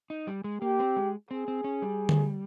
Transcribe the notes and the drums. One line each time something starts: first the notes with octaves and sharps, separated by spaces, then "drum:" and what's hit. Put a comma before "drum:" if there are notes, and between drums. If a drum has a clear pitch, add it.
D#4
G3
G#3
A#3 G4
C4
G#3
C4 G#4
C4
C#4
G3
drum: tom D3